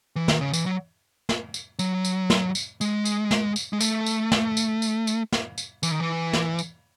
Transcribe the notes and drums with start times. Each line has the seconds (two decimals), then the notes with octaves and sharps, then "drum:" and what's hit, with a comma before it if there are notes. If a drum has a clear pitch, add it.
0.16 E3
0.28 D#3, drum: snare
0.41 C#3
0.54 E3, drum: tambourine
0.66 F#3
1.29 drum: snare
1.54 drum: tambourine
1.79 F#3, drum: tambourine
2.05 drum: tambourine
2.30 drum: snare
2.55 drum: tambourine
2.81 G#3, drum: tambourine
3.05 drum: tambourine
3.31 drum: snare
3.56 drum: tambourine
3.73 G#3
3.81 A3, drum: tambourine
4.06 drum: tambourine
4.32 drum: snare
4.57 drum: tambourine
4.82 drum: tambourine
5.07 drum: tambourine
5.32 drum: snare
5.58 drum: tambourine
5.83 E3, drum: tambourine
5.91 D#3
6.00 E3
6.33 drum: snare
6.59 drum: tambourine